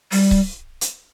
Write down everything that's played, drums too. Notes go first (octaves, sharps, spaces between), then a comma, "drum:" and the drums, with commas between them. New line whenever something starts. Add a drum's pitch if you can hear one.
G3, drum: open hi-hat
drum: kick C#1
drum: hi-hat